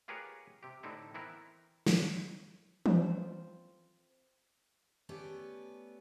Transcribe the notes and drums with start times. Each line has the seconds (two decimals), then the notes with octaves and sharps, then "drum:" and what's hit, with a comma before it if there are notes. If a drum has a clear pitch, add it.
0.08 F4 G4 G#4 A#4 B4 C#5
0.63 C3 G4
0.83 A2 D3 C4 D#4 E4
1.14 E3 B3 C4 E4 A#4
1.87 drum: snare
2.86 C4 F4 A4 C5, drum: tom E3
5.09 A3 B3 C#4 G4 D5